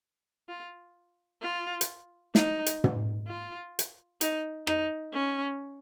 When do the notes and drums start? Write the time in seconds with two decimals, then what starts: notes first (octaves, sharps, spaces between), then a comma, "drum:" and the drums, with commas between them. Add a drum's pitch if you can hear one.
0.49 F4
1.42 F4
1.81 drum: hi-hat
2.35 D#4, drum: snare
2.66 drum: hi-hat
2.84 drum: tom
3.28 F4
3.79 drum: hi-hat
4.21 D#4, drum: hi-hat
4.67 D#4, drum: rim click
5.13 C#4